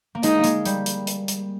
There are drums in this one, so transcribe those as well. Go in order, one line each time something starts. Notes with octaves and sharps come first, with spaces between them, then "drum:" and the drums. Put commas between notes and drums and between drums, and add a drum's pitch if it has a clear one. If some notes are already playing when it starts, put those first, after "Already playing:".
A#3
G#3 D#4, drum: hi-hat
A#3
G#3, drum: hi-hat
G3, drum: hi-hat
drum: hi-hat
drum: hi-hat
drum: hi-hat